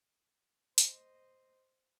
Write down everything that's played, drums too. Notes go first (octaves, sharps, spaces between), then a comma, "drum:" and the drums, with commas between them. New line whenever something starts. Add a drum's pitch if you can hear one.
C5 D#5, drum: hi-hat